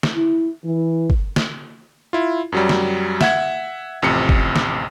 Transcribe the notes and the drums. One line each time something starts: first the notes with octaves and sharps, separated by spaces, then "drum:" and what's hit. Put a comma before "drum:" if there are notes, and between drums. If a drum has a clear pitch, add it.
drum: snare
E4
E3
drum: kick G1
drum: snare
E4 F4
F#2 F#3 G3
drum: snare
E5 F#5 G#6, drum: snare
A1 F2 C3 C#7
drum: kick G1
drum: snare